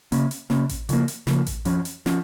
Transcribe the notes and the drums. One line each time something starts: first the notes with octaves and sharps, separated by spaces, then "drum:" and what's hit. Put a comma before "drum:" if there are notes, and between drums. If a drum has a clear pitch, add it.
C#3 A#3 C#4, drum: hi-hat
drum: hi-hat
C#3 A#3 C#4, drum: snare
drum: kick A1, hi-hat
C#3 F3 A#3, drum: hi-hat
drum: hi-hat
C#3 F3 A#3, drum: snare
drum: kick A1, hi-hat
F2 F3 C#4, drum: hi-hat
drum: hi-hat
F3 C#4, drum: snare